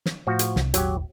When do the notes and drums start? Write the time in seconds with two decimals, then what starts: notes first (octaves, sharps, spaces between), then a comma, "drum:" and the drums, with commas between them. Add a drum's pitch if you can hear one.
0.06 drum: snare
0.27 A2 F3 F#4
0.39 drum: hi-hat
0.56 C2, drum: snare
0.74 D#1 G#1 F#3 G4, drum: hi-hat